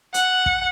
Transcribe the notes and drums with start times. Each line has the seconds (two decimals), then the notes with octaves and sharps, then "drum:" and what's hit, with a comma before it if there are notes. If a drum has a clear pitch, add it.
0.14 F#5, drum: hi-hat
0.46 drum: kick